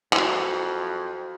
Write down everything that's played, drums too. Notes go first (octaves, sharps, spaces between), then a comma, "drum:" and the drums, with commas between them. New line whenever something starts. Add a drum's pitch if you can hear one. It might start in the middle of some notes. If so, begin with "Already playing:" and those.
F2 E4 F#4, drum: clap